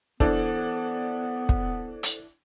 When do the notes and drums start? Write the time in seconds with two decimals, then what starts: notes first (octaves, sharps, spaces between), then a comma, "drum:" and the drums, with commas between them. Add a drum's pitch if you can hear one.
0.20 E3 B3 D4 A4 C5, drum: kick
1.49 drum: kick
2.03 drum: hi-hat